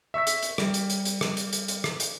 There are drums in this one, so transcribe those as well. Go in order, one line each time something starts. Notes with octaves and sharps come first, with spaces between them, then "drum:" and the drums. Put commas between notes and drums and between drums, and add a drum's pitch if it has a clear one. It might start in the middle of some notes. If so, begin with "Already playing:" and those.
E5 C#6 E6 B6
drum: hi-hat
drum: hi-hat
G3, drum: rim click
drum: hi-hat
drum: hi-hat
drum: hi-hat
drum: rim click
drum: hi-hat
drum: hi-hat
drum: hi-hat
drum: rim click
drum: hi-hat